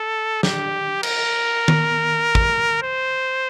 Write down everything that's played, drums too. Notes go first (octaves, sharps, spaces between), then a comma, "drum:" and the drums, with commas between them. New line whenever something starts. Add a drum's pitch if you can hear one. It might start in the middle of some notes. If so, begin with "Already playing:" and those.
Already playing: A4
G4, drum: snare
A#4, drum: cymbal
drum: tom D#3
drum: kick
C5